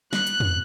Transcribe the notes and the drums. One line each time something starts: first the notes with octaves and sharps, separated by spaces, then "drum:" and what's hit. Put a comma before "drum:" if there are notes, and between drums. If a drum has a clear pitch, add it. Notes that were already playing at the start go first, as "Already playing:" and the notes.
F#6, drum: snare
drum: hi-hat
drum: tom